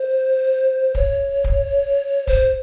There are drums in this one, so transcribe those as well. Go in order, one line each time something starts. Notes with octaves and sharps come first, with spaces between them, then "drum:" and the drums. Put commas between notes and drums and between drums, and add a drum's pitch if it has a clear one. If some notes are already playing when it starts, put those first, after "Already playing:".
Already playing: C5
C#5, drum: kick
drum: kick
C5, drum: kick